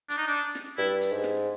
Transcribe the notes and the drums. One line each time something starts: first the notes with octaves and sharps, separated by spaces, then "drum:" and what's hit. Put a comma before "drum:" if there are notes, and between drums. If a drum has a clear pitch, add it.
D4, drum: hi-hat
D#4
D4
drum: snare
G2 E4
drum: hi-hat
G#2
drum: snare